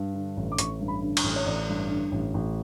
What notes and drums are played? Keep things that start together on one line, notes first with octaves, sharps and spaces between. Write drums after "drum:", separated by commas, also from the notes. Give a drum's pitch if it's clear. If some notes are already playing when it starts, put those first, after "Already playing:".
Already playing: G2
D3
A1
D6
A1 C#6, drum: hi-hat
G2
B5
D3
C#6, drum: cymbal
A1
C#5
A1 D5
G2
D3
A1
A1